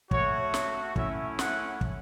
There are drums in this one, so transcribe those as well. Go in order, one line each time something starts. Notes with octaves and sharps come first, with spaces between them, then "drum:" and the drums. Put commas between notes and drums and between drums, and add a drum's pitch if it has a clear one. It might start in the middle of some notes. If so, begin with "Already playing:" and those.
A3 F#4 C#5, drum: kick
drum: snare
A3 C#4 E4 E5, drum: kick
F#5, drum: snare
drum: kick